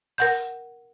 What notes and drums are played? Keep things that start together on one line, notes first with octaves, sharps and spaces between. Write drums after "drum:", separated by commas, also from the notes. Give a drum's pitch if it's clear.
A#4 F#5 G6, drum: open hi-hat